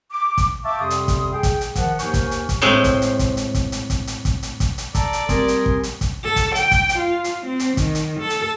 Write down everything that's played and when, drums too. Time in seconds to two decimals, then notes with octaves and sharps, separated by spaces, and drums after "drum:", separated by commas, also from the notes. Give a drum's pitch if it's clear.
0.11 D6
0.38 drum: kick, hi-hat
0.64 E5 F5 G5 A5 C#6 D6
0.80 F2 C3 G3 C6 D#6
0.90 drum: hi-hat
1.08 drum: kick, hi-hat
1.33 G#4 G5
1.43 drum: kick, hi-hat
1.61 drum: hi-hat
1.75 D#3 F3 F#5, drum: kick, hi-hat
1.99 D#2 G#2 A#4 C5 G#5 C#6, drum: hi-hat
2.14 drum: kick, hi-hat
2.31 drum: hi-hat
2.49 drum: kick, hi-hat
2.61 A2 G#3 C4 C5
2.84 drum: kick, hi-hat
3.02 drum: hi-hat
3.19 drum: kick, hi-hat
3.37 drum: hi-hat
3.55 drum: kick, hi-hat
3.72 drum: hi-hat
3.90 drum: kick, hi-hat
4.07 drum: hi-hat
4.25 drum: kick, hi-hat
4.43 drum: hi-hat
4.60 drum: kick, hi-hat
4.78 drum: hi-hat
4.95 A4 D5 A#5, drum: kick, hi-hat
5.13 drum: hi-hat
5.29 G3 C4 A#4 G#5 C6 D#6, drum: kick, hi-hat
5.48 drum: hi-hat
5.66 drum: kick
5.83 drum: hi-hat
6.01 drum: kick, hi-hat
6.24 A4
6.36 drum: kick, hi-hat
6.55 G5, drum: hi-hat
6.71 drum: kick, hi-hat
6.89 drum: hi-hat
6.99 F4
7.24 drum: hi-hat
7.46 C4
7.60 drum: hi-hat
7.77 D#3, drum: kick, hi-hat
7.95 drum: hi-hat
8.20 A4
8.30 drum: hi-hat